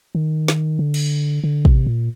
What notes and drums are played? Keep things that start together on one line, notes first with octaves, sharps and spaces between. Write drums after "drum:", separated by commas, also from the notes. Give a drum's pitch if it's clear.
D#3
drum: snare
D3
drum: cymbal
D3
C3, drum: kick
A#2